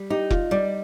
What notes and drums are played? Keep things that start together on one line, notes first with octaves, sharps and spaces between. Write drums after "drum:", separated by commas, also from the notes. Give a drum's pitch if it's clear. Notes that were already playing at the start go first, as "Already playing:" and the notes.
Already playing: G3
D#4 G4
F4, drum: kick F1
G3 D5